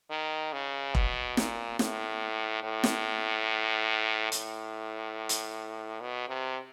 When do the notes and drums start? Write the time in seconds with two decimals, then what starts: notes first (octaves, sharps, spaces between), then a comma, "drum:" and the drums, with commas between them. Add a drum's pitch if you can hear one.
0.11 D#3
0.52 C#3
0.95 B2, drum: kick E1
1.37 A#2, drum: snare
1.79 A2, drum: snare
2.63 A2
2.84 drum: snare
4.32 A2, drum: hi-hat
5.29 drum: hi-hat
6.01 B2
6.28 C3